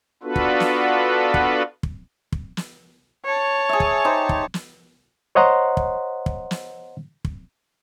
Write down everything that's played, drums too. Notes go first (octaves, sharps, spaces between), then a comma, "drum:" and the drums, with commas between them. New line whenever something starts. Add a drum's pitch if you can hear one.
B3 D4 F4 F#4 A4 B4
drum: kick
drum: snare
drum: kick
drum: kick
drum: kick
drum: snare
C#5 A5
G#4 E5
drum: kick
D#4 G4 C5
drum: kick
drum: snare
C5 C#5 D#5 F#5 A#5 C6
drum: kick
drum: kick
drum: snare
drum: kick